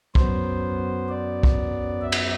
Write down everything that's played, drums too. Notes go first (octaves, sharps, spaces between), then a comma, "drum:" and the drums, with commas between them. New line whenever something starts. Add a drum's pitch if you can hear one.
F#2 F#3 B3 C5, drum: kick
D5
drum: kick
E5
drum: cymbal